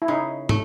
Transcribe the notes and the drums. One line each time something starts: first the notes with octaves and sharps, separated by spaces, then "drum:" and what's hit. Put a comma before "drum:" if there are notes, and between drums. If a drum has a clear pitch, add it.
E4
C#3 D#4
A3, drum: tom